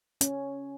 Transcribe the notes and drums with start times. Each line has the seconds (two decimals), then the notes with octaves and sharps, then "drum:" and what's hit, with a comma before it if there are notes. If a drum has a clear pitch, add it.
0.21 C#4, drum: hi-hat